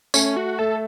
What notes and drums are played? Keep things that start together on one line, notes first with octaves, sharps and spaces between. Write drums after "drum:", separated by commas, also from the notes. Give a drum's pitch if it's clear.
A3 C#4, drum: tambourine
F#4
A3 A4